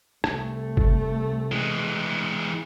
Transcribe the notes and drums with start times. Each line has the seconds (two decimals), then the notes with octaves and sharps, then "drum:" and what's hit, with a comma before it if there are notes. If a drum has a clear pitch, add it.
0.24 C2 A3, drum: rim click
0.77 drum: kick
1.52 E3 G#3